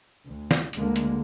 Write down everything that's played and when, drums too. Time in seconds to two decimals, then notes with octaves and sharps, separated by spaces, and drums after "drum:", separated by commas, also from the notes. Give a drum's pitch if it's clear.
0.25 D2
0.51 drum: snare
0.73 D2 D3 G#3 A#3, drum: hi-hat
0.96 drum: hi-hat